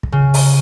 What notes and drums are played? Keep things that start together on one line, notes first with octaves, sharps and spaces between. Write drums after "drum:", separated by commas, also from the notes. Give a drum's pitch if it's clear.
drum: kick
C#3
drum: open hi-hat